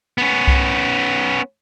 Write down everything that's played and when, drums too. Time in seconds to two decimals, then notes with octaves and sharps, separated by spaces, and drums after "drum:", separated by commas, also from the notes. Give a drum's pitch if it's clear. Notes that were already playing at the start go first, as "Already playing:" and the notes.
0.18 B3 C#4
0.47 drum: kick C2